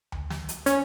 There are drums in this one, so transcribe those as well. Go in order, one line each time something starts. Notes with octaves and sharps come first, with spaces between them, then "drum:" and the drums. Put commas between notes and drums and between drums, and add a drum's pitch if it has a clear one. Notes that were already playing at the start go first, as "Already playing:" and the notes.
drum: tom D2
drum: snare
drum: hi-hat
C#4, drum: hi-hat